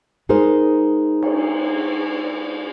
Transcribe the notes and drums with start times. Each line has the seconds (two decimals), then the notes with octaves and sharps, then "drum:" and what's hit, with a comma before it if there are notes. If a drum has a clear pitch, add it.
0.29 G#3 D#4 G#4 A#4 C5
1.22 drum: cymbal